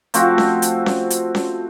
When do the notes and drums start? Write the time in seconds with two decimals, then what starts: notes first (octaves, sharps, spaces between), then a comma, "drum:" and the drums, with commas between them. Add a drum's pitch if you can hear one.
0.14 F3 A3 C4 F#4, drum: hi-hat
0.38 drum: snare C#4
0.62 drum: hi-hat
0.86 drum: snare C#4
1.10 drum: hi-hat
1.35 drum: snare C#4